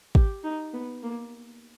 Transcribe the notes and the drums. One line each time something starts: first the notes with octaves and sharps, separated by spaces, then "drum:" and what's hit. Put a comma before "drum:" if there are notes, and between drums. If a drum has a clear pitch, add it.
G4, drum: kick
D#4
B3
A#3